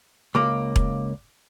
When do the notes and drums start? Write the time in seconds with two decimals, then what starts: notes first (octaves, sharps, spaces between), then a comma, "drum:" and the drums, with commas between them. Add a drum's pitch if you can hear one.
0.35 C#2 A#3 D6
0.76 drum: kick E1